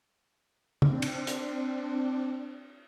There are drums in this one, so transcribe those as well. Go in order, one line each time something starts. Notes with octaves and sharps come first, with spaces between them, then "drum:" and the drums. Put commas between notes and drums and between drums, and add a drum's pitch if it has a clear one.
C4 D4, drum: tom
drum: cymbal
drum: hi-hat